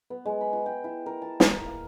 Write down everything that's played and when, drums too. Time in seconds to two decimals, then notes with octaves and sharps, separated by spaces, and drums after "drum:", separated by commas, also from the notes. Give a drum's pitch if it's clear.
0.10 B3
0.25 G#3
0.41 B5
0.53 F#4
0.66 G5
0.84 E4
1.06 A#4
1.22 A5
1.40 A#3, drum: snare
1.66 F5